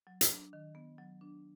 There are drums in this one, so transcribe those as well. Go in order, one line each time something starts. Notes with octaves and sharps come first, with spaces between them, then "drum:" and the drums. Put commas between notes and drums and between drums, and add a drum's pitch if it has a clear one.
F#3
drum: hi-hat
D4
D#3
B3
F#3
D4